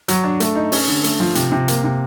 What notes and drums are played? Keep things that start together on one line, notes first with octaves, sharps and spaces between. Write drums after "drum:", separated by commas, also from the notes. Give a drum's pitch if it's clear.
F#3, drum: hi-hat
D4
A3, drum: hi-hat
D#4
C#4, drum: open hi-hat
D3
A3, drum: hi-hat
F3
C3, drum: hi-hat
C3
A#3, drum: hi-hat
C3